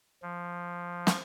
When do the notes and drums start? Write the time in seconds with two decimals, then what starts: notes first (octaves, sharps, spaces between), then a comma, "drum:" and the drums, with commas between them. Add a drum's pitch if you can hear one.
0.22 F3
1.07 drum: snare